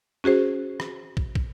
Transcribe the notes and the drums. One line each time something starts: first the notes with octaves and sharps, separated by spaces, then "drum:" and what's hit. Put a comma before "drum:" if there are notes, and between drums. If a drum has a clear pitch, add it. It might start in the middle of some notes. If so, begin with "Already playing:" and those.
C#4 F#4 G#4 C5
drum: rim click
drum: kick
drum: kick